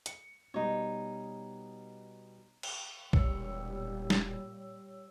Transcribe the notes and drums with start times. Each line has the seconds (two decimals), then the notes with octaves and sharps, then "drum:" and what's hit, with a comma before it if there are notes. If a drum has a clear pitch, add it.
0.06 C#7, drum: hi-hat
0.54 B2 G3 D#4 C#5
2.63 drum: cymbal
3.13 E1 A#2 G3 C#5 E6, drum: kick A#1
4.10 drum: snare